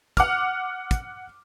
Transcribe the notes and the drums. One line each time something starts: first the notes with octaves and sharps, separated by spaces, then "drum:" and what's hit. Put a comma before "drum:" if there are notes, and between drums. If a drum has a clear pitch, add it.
F#5 D6 F6, drum: kick, hi-hat
drum: kick, hi-hat